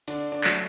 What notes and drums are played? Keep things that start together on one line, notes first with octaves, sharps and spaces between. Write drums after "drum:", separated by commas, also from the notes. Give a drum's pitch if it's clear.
D3 D4, drum: cymbal
D4
F#3 A3, drum: clap